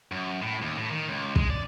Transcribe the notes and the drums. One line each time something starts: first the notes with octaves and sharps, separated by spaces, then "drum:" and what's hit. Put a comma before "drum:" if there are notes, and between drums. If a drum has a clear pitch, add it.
F#2
A2
D#2
A2
D#3
C#2
G#3, drum: kick
D5